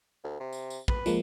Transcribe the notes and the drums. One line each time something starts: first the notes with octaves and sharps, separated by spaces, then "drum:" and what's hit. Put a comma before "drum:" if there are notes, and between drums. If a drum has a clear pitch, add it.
D2
C3
drum: tambourine
drum: tambourine
B4, drum: kick
F3 G#3 A#3, drum: tambourine